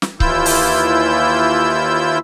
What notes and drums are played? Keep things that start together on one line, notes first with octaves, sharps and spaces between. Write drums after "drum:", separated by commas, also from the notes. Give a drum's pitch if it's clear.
drum: snare
D#2 E3 E4 F4 E6 G6, drum: kick C#1
drum: open hi-hat